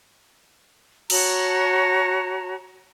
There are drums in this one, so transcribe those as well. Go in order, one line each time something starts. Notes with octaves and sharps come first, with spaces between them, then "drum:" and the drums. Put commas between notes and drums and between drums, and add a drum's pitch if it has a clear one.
F#4 C#5 A5 A#5, drum: cymbal